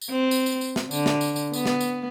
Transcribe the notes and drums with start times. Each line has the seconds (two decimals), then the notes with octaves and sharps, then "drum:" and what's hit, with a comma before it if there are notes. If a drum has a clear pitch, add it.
0.01 drum: tambourine
0.11 C4
0.31 drum: tambourine
0.46 drum: tambourine
0.61 drum: tambourine
0.76 drum: snare
0.91 D3, drum: tambourine
1.06 drum: snare
1.21 drum: tambourine
1.36 drum: tambourine
1.53 B3, drum: tambourine
1.66 drum: snare
1.81 drum: tambourine